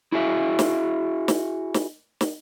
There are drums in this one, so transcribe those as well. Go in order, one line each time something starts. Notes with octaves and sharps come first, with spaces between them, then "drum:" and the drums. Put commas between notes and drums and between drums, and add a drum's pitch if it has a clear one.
E4 F#4 G#4 E5
drum: snare
drum: snare
drum: snare
drum: snare